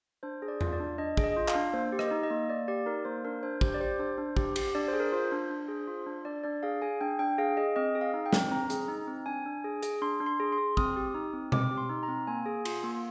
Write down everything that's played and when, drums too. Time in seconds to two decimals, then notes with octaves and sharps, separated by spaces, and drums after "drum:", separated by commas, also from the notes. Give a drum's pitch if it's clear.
0.23 D4 C5
0.42 G#4
0.48 D5
0.61 F4, drum: tom E2
0.73 D5
0.80 D4
0.98 D4 D#5
1.17 G#4, drum: kick
1.24 D#5
1.37 F4
1.48 F5, drum: clap
1.55 D4
1.73 A#3 C5
1.92 G4
1.99 D#5, drum: rim click
2.11 D#4
2.23 D#5
2.30 A#3
2.49 A#3 D5
2.68 G4 D5
2.86 D#4 A#4
3.05 A#3 C5
3.25 D4 A#4
3.43 D4 C5
3.61 G4 C5, drum: kick
3.74 D5
3.81 G4 C5
3.99 D4 C5
4.18 D4
4.37 G4, drum: kick
4.56 G4, drum: cymbal
4.75 D4 D5
4.88 G#4 C5
5.00 A#4
5.12 F4 C5
5.32 D4
5.50 D4
5.68 G#4
5.88 F4
6.06 D4
6.25 D4 D5
6.44 D4 D5
6.63 G#4 F5
6.82 G#4 G#5
7.01 D4 G5
7.19 D4 G5
7.38 G#4 F5
7.57 G#4 D#5
7.76 C4 D#5
7.95 G#4
8.01 F5
8.14 D#4
8.26 G5
8.33 C4, drum: snare
8.51 C4 A#5
8.70 G#4, drum: hi-hat
8.88 D#4
9.07 C4
9.26 D4 G#5
9.46 D4
9.64 G#4
9.83 G#4, drum: hi-hat
10.02 D4 C6
10.20 D4
10.26 C6
10.40 G#4
10.52 C6
10.58 G#4
10.77 C4 D#6, drum: kick
10.96 G4
11.15 D#4
11.33 C4
11.52 C4 D6, drum: tom B2
11.71 G4
11.77 C6
11.89 D#4
12.03 A#5
12.08 C4
12.27 A#3 G#5
12.46 G#4
12.65 F4, drum: cymbal
12.83 A#3